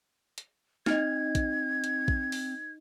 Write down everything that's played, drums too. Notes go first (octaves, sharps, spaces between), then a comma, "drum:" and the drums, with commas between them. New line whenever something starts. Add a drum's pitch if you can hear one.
drum: hi-hat
C4 D#4 D#5 G#6, drum: snare
drum: kick, hi-hat
drum: hi-hat
drum: kick
drum: open hi-hat